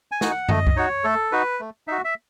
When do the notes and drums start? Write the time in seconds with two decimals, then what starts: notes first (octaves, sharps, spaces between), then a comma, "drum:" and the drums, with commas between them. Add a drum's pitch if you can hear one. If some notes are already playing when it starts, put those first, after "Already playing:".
0.12 G#5
0.21 D#4 F#4, drum: snare
0.31 F#5
0.49 A3 D#5, drum: tom F#2
0.67 drum: kick
0.76 D#4 F#4 C#5
1.04 A3 A4
1.32 D#4 F#4 B4
1.60 A3
1.88 D#4 F#4 E5
2.04 E5